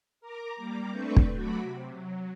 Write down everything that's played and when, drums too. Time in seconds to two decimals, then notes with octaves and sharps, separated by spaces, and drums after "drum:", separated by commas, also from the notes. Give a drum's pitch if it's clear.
0.21 A#4 A#5 D6
0.57 G3 A#3 A#5 D6
0.91 A3 C4 D4 B4 C#6 G6
1.17 drum: kick
1.33 F#3 A3 F#4 B5 D6
1.62 C3
1.92 F#3